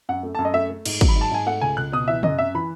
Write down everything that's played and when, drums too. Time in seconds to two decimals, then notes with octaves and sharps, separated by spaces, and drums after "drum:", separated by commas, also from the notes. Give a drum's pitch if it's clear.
0.09 F#2 F#5
0.23 A3
0.35 A5
0.39 F#2
0.45 D#5
0.54 A3 E5
0.70 A3
0.86 G#2, drum: cymbal
1.01 F#3, drum: kick
1.08 B5
1.15 G#2
1.21 A5
1.31 G#2 G#5
1.46 A3 F#5
1.61 C#2 G#5
1.77 C#2 F#6
1.92 B2 D#6
2.08 E3 E5
2.23 F#2 D#5, drum: tom
2.38 F#2 E5
2.55 E3 B5